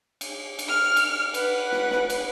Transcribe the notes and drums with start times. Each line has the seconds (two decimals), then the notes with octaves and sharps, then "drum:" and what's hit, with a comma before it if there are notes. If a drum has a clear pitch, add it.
0.21 drum: cymbal
0.59 drum: cymbal
0.68 F6
0.96 drum: cymbal
1.34 B4 F#5, drum: cymbal
1.72 drum: snare
1.91 drum: snare
2.10 drum: cymbal